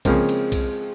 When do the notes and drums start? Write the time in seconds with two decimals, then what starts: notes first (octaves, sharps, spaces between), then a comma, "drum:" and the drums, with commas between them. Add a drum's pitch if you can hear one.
0.05 C#3 F3 G#3 A#3 C4, drum: kick B1, cymbal
0.29 drum: cymbal
0.52 drum: kick B1, cymbal